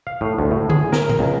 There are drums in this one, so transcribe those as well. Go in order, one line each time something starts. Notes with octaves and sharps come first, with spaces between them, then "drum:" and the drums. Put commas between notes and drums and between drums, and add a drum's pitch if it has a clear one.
F5
A2
D2
A2
G#4, drum: tom D3
A#4, drum: snare
drum: tom A2
C#2